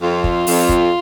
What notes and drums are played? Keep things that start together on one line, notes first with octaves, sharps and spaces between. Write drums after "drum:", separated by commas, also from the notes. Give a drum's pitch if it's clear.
F2 F4
drum: kick
F2, drum: open hi-hat
drum: kick